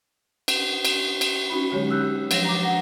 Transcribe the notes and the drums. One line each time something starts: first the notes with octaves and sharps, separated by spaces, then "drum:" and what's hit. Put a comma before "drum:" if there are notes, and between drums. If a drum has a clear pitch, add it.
drum: cymbal
drum: cymbal
drum: cymbal
C#4 D#4 F#4 B5
D3 F#3 G#3 G4 C#5
E6 F#6 G6
F3 F#3 C#5 A#6, drum: cymbal
A#5 D6
D4 F#5 A#6